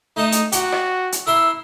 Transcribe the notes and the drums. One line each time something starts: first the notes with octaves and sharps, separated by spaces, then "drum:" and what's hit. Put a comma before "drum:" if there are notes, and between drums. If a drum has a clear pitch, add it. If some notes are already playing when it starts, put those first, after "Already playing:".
A3 D#4 D#5 A5
drum: hi-hat
F#4 G4 F#5, drum: hi-hat
drum: rim click
drum: hi-hat
E4 A#4 E5 C6 E6